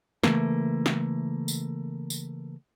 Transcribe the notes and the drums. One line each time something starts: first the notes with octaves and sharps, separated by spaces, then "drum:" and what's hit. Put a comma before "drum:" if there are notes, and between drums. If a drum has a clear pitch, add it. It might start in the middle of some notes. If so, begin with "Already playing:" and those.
C#3 E3 A3 A#3, drum: snare
drum: snare
drum: tambourine
drum: tambourine